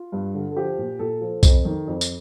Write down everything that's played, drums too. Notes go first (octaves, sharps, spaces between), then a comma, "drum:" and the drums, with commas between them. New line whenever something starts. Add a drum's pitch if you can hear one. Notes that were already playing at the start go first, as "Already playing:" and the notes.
Already playing: F4
G2
D3
A4
F3 G4
A#2
A#2 A4
F3
F2 A4, drum: kick B1, tambourine
D#3
F2
drum: tambourine